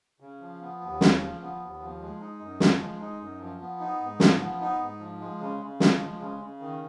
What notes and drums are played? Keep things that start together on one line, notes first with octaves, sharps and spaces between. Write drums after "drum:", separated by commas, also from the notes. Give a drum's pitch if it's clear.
C#3
F3
B3
D#2
C#3, drum: snare
F3
B3
D#2
F3
G#3
D#4
F#2
F3, drum: snare
G#3
D#4
F#2
F3
B3
D#4
G#2
F3, drum: snare
B3
D#4
G#2
F3
G#3
C#3
C#3
F3, drum: snare
G#3
C#3
C#3
D#3